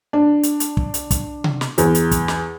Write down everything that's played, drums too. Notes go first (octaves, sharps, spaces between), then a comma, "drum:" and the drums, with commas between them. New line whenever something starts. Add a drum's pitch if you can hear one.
D4
drum: hi-hat
drum: hi-hat
drum: kick
drum: hi-hat
drum: kick, hi-hat
drum: tom C3
drum: snare
E2, drum: hi-hat
drum: hi-hat
drum: kick, hi-hat
drum: snare